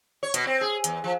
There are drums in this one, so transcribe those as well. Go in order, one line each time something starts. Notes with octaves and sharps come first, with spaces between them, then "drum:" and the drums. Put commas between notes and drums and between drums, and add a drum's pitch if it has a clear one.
C#5
B2, drum: hi-hat
C4
G#4
E2, drum: hi-hat
F3